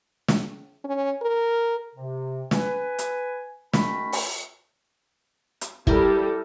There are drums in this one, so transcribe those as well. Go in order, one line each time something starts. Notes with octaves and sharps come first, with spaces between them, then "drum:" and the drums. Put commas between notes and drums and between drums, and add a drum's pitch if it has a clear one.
drum: snare
C#4
A#4
C3
B4 G#5, drum: snare
drum: hi-hat
D#3 A3 C#4 F#4 B5, drum: snare
drum: open hi-hat
drum: hi-hat
G3 E4 G4 A4 A#4, drum: kick